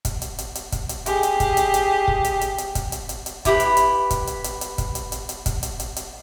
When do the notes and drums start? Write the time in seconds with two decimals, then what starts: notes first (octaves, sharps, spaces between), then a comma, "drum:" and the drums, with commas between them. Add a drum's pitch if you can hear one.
0.05 drum: kick, hi-hat
0.22 drum: hi-hat
0.39 drum: hi-hat
0.55 drum: hi-hat
0.72 drum: kick, hi-hat
0.89 drum: hi-hat
1.06 G4 G#4, drum: hi-hat
1.23 drum: hi-hat
1.40 drum: kick, hi-hat
1.57 drum: hi-hat
1.74 drum: hi-hat
2.08 drum: kick
2.24 drum: hi-hat
2.41 drum: hi-hat
2.58 drum: hi-hat
2.75 drum: kick, hi-hat
2.92 drum: hi-hat
3.09 drum: hi-hat
3.26 drum: hi-hat
3.45 E4 G4 B4 B5, drum: kick, hi-hat
3.60 drum: hi-hat
3.77 drum: hi-hat
4.10 drum: kick, hi-hat
4.27 drum: hi-hat
4.44 drum: hi-hat
4.61 drum: hi-hat
4.78 drum: kick, hi-hat
4.95 drum: hi-hat
5.12 drum: hi-hat
5.29 drum: hi-hat
5.46 drum: kick, hi-hat
5.63 drum: hi-hat
5.80 drum: hi-hat
5.96 drum: hi-hat